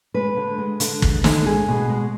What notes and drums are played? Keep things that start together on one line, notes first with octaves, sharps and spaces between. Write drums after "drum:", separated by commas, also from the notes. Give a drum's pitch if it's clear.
G#3 B4
D3
G#3
D3, drum: hi-hat
G#3, drum: kick
D3, drum: snare
G#3 G#4
B2
G#3